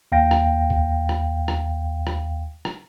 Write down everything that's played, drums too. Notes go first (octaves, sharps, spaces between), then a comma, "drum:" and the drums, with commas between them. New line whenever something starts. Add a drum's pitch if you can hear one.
D#2 F5 G5 A#6
drum: rim click
drum: kick C#2
drum: rim click
drum: rim click
drum: rim click
drum: rim click